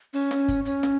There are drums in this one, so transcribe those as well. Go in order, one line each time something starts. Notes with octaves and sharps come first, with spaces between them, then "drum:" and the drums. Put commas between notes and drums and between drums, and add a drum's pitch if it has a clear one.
C#4, drum: open hi-hat
drum: snare
drum: kick, hi-hat
C#4, drum: hi-hat
drum: snare